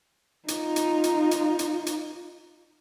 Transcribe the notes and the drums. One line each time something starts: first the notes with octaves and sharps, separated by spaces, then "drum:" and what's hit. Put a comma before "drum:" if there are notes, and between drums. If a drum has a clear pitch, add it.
D#4 F4, drum: hi-hat
drum: hi-hat
drum: hi-hat
drum: hi-hat
drum: hi-hat
drum: hi-hat